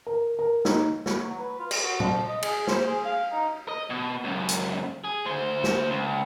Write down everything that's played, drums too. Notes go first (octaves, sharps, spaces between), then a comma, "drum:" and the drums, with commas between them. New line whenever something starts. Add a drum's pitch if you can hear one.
A#4
A#4
D#4, drum: snare
drum: snare
F#3
B4
F4
drum: cymbal
F#4
F3, drum: tom A#2
D#5
G#4, drum: cymbal
C5, drum: snare
G#4
F5
D#4
D#5
B2
C#2 F#2
drum: hi-hat
G#4
D2 C5
drum: snare
C#2